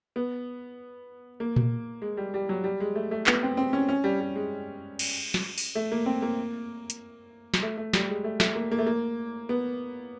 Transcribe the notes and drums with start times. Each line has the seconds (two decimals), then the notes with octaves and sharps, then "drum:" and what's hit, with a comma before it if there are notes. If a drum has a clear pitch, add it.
0.16 B3
1.40 A#3
1.56 drum: tom A#2
2.02 G#3
2.17 G3
2.34 G3
2.49 F#3
2.64 G3
2.80 G#3
2.95 A3
3.11 A3
3.27 B3, drum: clap
3.43 C4
3.57 C4
3.73 C#4
3.89 C#4
4.04 G3
4.20 G3
4.36 G#3
4.99 drum: cymbal
5.34 drum: snare
5.58 drum: open hi-hat
5.75 A3
5.92 A#3
6.06 C4
6.22 A#3
6.90 drum: hi-hat
7.54 drum: snare
7.63 A3
7.77 A3
7.94 G3, drum: snare
8.09 G#3
8.24 A3
8.40 A3, drum: snare
8.55 A#3
8.71 A#3
8.78 A3
8.86 A#3
9.49 B3